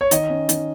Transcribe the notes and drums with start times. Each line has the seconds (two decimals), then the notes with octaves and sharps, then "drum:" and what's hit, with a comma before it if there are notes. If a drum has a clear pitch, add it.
0.01 C#5
0.11 D#3 D#5, drum: hi-hat
0.30 C#4
0.49 D#3, drum: hi-hat